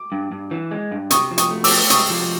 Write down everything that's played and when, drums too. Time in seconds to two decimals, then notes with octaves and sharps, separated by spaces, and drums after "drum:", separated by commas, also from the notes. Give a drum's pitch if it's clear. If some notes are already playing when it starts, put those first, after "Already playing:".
Already playing: D6
0.12 G2
0.32 G2
0.51 E3
0.71 G#3
0.91 G2
1.10 C3 C#6 D#6, drum: hi-hat
1.31 F3
1.38 C#6 D#6, drum: hi-hat
1.51 A3
1.64 D6 E6, drum: open hi-hat
1.71 C4
1.90 C3 C#6 D#6, drum: hi-hat
2.10 F3